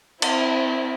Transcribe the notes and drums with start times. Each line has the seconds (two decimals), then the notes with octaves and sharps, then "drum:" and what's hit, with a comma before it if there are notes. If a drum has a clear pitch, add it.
0.22 C4 E4, drum: cymbal